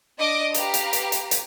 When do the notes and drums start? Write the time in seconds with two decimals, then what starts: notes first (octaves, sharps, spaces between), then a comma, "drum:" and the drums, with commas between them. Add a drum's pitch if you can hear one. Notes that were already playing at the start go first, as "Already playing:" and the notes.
0.19 D4 D#5 D6 D7
0.54 G4 B4 F5 A#5, drum: hi-hat
0.74 drum: hi-hat
0.93 drum: hi-hat
1.12 drum: hi-hat
1.31 drum: hi-hat